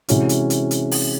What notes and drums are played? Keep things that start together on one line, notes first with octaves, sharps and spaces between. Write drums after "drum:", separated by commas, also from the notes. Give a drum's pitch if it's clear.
C3 E3 G#3 C#4 F#4, drum: hi-hat
drum: hi-hat
drum: hi-hat
drum: hi-hat
drum: open hi-hat